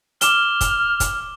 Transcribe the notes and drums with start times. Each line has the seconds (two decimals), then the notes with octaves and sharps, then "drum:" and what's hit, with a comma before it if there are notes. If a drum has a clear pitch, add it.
0.21 D6 F6 E7 G7, drum: hi-hat
0.61 drum: kick, hi-hat
1.00 drum: kick, hi-hat